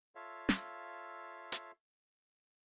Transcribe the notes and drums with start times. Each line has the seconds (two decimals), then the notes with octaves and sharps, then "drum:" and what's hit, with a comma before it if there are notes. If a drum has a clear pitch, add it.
0.15 F4 A4 C#5 E5 F5
0.49 drum: snare
1.52 drum: hi-hat